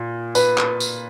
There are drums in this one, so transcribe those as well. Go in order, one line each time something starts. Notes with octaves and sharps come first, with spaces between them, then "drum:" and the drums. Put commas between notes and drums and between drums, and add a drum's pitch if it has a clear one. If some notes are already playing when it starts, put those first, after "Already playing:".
Already playing: A#2
B4, drum: tambourine
drum: clap
drum: tambourine